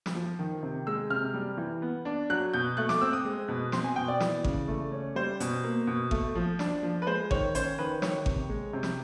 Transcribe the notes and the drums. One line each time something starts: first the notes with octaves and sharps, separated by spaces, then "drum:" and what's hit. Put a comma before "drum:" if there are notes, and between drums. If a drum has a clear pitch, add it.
drum: snare
F3
D#3
C3
G#3 E6
C3 F6
G3
E3
B3
D4
F#3 F#6
B2 G6
A3 F#6
D6, drum: snare
C4 E6
D#6
G#3
B2
C4 C6, drum: snare
G#5
B2 G5
D5
E3, drum: snare
C#3, drum: kick G#1
A3
C#4
G3 C5
B2, drum: hi-hat
A#3
B2
A3, drum: kick G#1
F3
D4, drum: snare
F3
B4
G#3 C5
D#3 C#5, drum: kick G#1
C#4 C5, drum: hi-hat
D#3 B4
D#3 C#5, drum: snare
C3, drum: kick G#1
G#3
C3
drum: snare